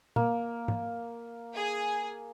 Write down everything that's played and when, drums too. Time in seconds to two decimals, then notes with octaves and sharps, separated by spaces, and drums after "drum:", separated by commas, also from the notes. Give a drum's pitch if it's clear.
0.16 A#3, drum: tom
0.68 drum: tom G#2
1.56 G#4